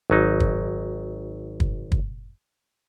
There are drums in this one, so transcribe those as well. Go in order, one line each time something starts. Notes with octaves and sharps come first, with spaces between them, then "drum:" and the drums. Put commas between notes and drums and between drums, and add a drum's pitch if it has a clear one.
G#1 F#3 D#4
drum: kick
drum: kick
drum: kick